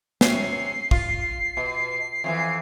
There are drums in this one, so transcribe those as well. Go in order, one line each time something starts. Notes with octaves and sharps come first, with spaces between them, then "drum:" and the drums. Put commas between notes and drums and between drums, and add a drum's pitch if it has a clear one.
C3 C#4 C7, drum: snare
F4, drum: kick
B2
F2 C#3 E3